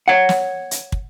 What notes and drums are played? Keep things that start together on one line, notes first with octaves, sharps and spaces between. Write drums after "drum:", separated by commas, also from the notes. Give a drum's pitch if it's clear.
C#5 F#5
drum: snare
drum: hi-hat
drum: kick